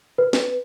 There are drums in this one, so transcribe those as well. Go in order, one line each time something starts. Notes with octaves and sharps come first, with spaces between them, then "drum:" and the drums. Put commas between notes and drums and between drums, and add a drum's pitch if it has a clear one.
B4
drum: snare